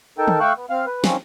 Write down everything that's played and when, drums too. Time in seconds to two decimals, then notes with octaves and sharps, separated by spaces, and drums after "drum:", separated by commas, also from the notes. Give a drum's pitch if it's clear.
0.18 D#4 A4 A#4 G5 A5
0.28 drum: tom
0.40 A3 F5 G5 C#6 E6 F#6
0.56 B3
0.70 C4 F5 F6
0.86 B4
1.04 D#3 F3 C4 C#4, drum: snare